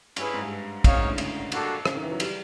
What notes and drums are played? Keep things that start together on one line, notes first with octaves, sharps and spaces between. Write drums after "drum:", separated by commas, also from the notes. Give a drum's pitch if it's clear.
G2 C#4 E4 G#4 B4, drum: cymbal
G#2
G2
F#2 D#4 G#4 C#5 F5, drum: kick, cymbal
G#2
A2
D3
C#3, drum: cymbal
G3 A#3 D4 F#4 A4, drum: cymbal
C#3, drum: rim click
D#3
E3
F#3
G3, drum: cymbal